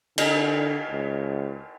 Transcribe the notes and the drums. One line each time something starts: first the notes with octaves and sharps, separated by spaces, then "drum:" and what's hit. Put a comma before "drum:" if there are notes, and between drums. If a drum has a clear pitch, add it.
D3, drum: cymbal
C#2